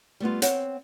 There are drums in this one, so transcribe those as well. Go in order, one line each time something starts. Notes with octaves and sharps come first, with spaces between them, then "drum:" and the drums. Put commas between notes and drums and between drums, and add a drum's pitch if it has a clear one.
G3 A3 B3 F4
C4 C#5 F#5, drum: hi-hat